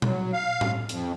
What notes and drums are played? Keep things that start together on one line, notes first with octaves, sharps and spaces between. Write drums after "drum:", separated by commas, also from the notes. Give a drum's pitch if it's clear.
F#3, drum: tom A#2
F5
drum: tom A2
F2, drum: hi-hat